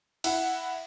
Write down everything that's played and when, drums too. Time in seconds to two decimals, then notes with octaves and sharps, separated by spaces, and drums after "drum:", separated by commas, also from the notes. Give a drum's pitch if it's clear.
0.24 E4 F#5, drum: cymbal